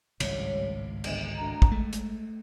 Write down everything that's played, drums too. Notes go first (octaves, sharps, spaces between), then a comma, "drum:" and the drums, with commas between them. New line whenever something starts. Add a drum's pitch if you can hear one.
G#1 C#2 A2 G3 A3 C#5, drum: cymbal
G1, drum: cymbal
D2 A#5
drum: kick
G#3 A3
drum: hi-hat